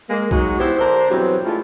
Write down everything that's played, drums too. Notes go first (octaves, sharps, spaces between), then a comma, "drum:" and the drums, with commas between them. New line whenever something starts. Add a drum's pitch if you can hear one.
G#3 A#3
F#3 G#3 D#4 F#4, drum: kick B1
B3 E4 G4 C5
D3 D4 A#4 C5
E2 G2 B2 F#3 C4 C5
G#3 A3 D4 E4 F4